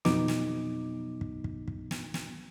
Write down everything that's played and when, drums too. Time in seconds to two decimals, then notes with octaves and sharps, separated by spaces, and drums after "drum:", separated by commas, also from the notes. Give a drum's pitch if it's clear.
0.05 F2 B2 F#3 B3 D#4 D6, drum: snare
0.28 drum: snare
1.21 drum: kick
1.44 drum: kick
1.68 drum: kick
1.91 drum: snare
2.14 drum: snare